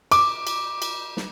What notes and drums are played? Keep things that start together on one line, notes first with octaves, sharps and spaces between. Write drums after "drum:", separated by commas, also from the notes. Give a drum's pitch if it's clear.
D6, drum: cymbal
drum: cymbal
drum: cymbal
drum: snare